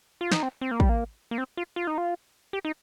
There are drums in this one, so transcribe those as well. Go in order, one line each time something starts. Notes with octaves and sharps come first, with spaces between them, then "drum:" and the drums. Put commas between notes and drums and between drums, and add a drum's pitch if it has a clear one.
F4
D#4, drum: snare
C4
C4
A#3
G3, drum: kick
A#3
A#3
C4
F4
F4
D#4
F4
G4
D#4